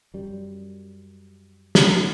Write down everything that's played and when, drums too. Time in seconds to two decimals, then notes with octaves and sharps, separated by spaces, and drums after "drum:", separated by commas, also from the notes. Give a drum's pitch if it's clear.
0.14 F#2 G3
1.75 drum: snare